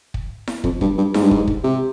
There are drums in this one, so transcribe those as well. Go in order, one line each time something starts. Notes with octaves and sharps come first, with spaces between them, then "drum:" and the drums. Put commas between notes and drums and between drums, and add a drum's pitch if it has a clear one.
drum: kick
drum: snare E4
F2, drum: kick
G2, drum: kick
G2
G#2, drum: snare E4
G2
G#2, drum: kick
drum: kick
C3